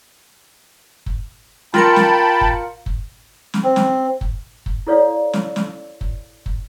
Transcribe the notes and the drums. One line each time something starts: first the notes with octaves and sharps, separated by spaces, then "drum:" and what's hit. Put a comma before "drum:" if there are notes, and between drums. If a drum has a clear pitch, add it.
drum: kick
F4 A#4 G5 A5 B5 C#7, drum: snare
drum: snare
drum: kick
drum: kick
drum: snare
C4
drum: snare
drum: kick
drum: kick
E4 A4 C#5 D5 F5
drum: snare
drum: snare
drum: kick
drum: kick